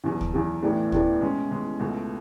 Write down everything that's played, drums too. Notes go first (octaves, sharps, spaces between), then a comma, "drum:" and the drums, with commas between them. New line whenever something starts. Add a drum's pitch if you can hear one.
E2 B2 F#3
drum: kick
E2 B2 F#3
A1 A2 E3 B3 D4
A1 A2 E3 B3 D4, drum: kick
B2 G#3 C#4
B2 G#3 C#4
C#2 B2 A3